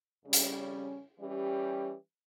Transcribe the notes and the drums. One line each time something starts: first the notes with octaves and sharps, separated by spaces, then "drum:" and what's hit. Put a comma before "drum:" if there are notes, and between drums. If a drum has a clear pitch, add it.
F2 C#3 G3 C#4
drum: hi-hat
E3 G3 C#4 G4